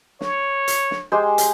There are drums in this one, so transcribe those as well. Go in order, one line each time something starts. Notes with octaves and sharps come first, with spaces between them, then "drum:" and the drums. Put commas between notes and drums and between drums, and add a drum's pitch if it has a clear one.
C#5, drum: snare
drum: hi-hat
drum: snare
G#3 G4 C5
drum: hi-hat